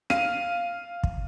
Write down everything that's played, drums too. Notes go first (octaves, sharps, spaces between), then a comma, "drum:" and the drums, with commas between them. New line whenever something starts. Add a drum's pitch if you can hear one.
F5 D#7, drum: rim click
drum: kick